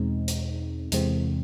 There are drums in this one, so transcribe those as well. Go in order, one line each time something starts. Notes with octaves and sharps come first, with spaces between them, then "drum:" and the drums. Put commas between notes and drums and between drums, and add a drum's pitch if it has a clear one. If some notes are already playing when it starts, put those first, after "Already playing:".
Already playing: E2 B2 G#3 C4 D#4
drum: hi-hat
E2 C3 E3 G#3 C4, drum: hi-hat